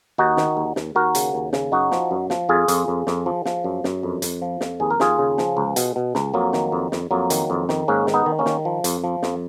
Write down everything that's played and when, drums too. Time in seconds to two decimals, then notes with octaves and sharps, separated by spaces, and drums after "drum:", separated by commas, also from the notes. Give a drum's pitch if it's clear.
0.18 D#2 D#4 F#4
0.37 D#3, drum: snare
0.57 D#2
0.76 D#2, drum: snare
0.95 D#2 F#4 A#4
1.15 C#3, drum: hi-hat
1.34 D#2
1.53 C#3, drum: snare
1.72 F#2 D#4 F#4
1.92 F3, drum: snare
2.11 F#2
2.30 F3, drum: snare
2.49 F2 F4 G#4
2.68 F2, drum: hi-hat
2.88 F2
3.07 F2, drum: snare
3.26 F3
3.46 F3, drum: snare
3.64 F#2
3.84 F#2, drum: snare
4.03 F2
4.22 F2, drum: hi-hat
4.42 F3
4.61 F2, drum: snare
4.80 D#2 G#4
4.90 A#4
5.00 D#2 F4 G#4, drum: snare
5.18 C#3
5.38 F3, drum: snare
5.57 C#2
5.76 B2, drum: hi-hat
5.96 B2
6.15 C#2, drum: snare
6.34 F2 F#3 A#3
6.53 D#3, drum: snare
6.72 F2
6.92 F2, drum: snare
7.11 F2 F#3 A#3
7.30 D#3, drum: hi-hat
7.50 F2
7.69 D#3, drum: snare
7.88 G#2 A#3 C#4
8.07 D#3, drum: snare
8.14 B3 D#4
8.26 D#3
8.39 A#3 C#4
8.46 D#3, drum: snare
8.65 F3
8.84 F2, drum: hi-hat
9.04 F3
9.23 F2, drum: snare